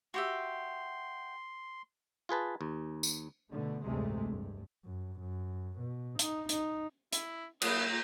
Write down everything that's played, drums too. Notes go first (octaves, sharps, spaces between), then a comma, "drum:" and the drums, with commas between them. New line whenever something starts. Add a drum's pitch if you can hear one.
F#4 G4 E5 C6
F4 G#4 B4 A5
D#2
drum: tambourine
B2 D3 A3
A1 D2 G2 C3 G#3 A3
F1 G2
F#2
F#2
B2
D#4, drum: hi-hat
D#4, drum: hi-hat
E4, drum: hi-hat
F#3 A#3 E4 D#6, drum: cymbal
A#2 A#5